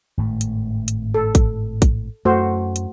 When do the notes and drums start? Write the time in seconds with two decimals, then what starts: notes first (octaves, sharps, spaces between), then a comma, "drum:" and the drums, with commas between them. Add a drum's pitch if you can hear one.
0.17 G#1 A2 A3
0.41 drum: hi-hat
0.88 drum: hi-hat
1.14 A4
1.35 drum: kick A1, hi-hat
1.82 drum: kick A1, hi-hat
2.25 F#2 A3 F#4 C5
2.76 drum: hi-hat